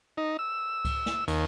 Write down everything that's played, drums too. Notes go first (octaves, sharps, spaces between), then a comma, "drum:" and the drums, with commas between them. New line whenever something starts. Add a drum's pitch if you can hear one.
D#4
E6
drum: kick C#2, cymbal
drum: snare
D#2, drum: cymbal